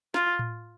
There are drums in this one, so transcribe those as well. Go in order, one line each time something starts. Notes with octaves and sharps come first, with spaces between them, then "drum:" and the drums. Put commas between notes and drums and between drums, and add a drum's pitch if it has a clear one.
F4, drum: snare
drum: tom A2